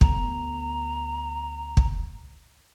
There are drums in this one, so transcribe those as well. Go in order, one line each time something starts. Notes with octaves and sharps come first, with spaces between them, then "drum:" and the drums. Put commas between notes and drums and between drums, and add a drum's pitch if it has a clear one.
D2 B3 A#5, drum: kick
drum: kick